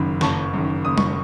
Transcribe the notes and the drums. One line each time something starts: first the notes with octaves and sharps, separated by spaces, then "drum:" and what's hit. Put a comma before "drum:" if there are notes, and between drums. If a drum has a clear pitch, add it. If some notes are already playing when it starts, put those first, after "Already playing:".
Already playing: F#1 F#2 D#3 B5
F#1 A5 C#6, drum: snare
F#2 D#3
F#1 D#6
C#6, drum: tom